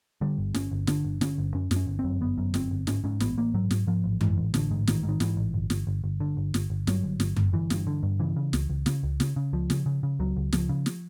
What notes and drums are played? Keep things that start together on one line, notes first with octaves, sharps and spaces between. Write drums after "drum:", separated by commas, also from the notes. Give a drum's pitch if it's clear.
D3 G3
G1
G1 C#4, drum: snare
G1
D3 D4, drum: snare
G1
D3 C#4, drum: snare
G1
F#2 C#4
F#2, drum: snare
C#4
G1
C4
F#2
G1 B3
F#2
G1 C4, drum: snare
G1
G#2 C#4, drum: snare
G#2 C#4
A1 B3, drum: snare
A1 A#3
G#2 F#3
G#2, drum: snare
G#2 F3
A1
G#2 E3, drum: tom F#2
A1
A1 D3, drum: snare
G#2
A1 D#3, drum: snare
G#2
D#3
G#2 E3, drum: snare
A1
G1
G1, drum: snare
G1
G1
D3
G1
G1, drum: snare
G1
G2 F#3, drum: snare
G1
G1, drum: snare
G1, drum: tom F#2
G1 E3
G2, drum: snare
D3
G2
C#3 E3
C#3
C#2, drum: snare
C#2
C#3, drum: snare
C#2
C#3, drum: snare
C#3
C#2 F3
C#3, drum: snare
C#3
C#3
C#2 F#3
C#2
C#2 F3, drum: snare
C#3
drum: snare